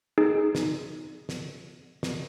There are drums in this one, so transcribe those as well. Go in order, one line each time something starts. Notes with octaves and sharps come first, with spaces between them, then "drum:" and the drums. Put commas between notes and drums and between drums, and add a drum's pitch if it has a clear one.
D#4 G#4
drum: snare
drum: snare
drum: snare